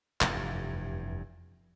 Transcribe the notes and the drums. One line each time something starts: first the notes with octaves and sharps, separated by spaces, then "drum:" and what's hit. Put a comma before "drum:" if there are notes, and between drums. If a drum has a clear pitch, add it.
F1 E2 G2, drum: clap